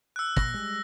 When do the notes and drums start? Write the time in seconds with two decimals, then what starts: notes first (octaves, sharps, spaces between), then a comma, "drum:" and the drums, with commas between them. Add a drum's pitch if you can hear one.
0.16 E6 F#6
0.36 A#2 A#6, drum: kick
0.54 G3 G#3